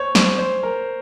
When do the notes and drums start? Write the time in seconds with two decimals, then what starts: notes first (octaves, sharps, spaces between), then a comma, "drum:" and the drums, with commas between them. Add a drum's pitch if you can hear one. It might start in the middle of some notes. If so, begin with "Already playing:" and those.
Already playing: C5 C#5
0.15 C5, drum: snare
0.38 C5
0.63 A#4